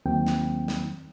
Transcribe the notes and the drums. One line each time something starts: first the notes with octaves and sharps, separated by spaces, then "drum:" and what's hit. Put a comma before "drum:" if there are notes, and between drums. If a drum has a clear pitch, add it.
D#2 D#3 F#3 A#3 C4 G5
drum: snare
drum: snare